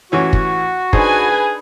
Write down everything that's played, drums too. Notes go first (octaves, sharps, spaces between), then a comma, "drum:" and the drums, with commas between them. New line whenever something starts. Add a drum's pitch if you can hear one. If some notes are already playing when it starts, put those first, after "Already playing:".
A1 E3 C#4 F#4
drum: kick
D4 D#4 G#4 B4 C5 G#5, drum: kick